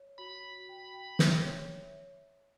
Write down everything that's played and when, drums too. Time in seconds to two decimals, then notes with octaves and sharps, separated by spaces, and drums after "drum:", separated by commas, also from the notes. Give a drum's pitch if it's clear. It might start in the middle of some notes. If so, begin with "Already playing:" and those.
Already playing: C#5
0.18 F#4 B5
0.43 F#4
0.69 G5
0.94 G5
1.19 E5, drum: snare
1.44 C#5